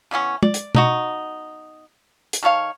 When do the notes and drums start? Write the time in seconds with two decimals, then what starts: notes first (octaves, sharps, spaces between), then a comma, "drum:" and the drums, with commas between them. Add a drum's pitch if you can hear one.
0.11 C#3 E3 B3 C#4
0.43 D5, drum: tom
0.54 drum: hi-hat
0.75 B2 D#4 F#4, drum: tom B2
2.33 drum: hi-hat
2.43 D#3 A4 C#5 F5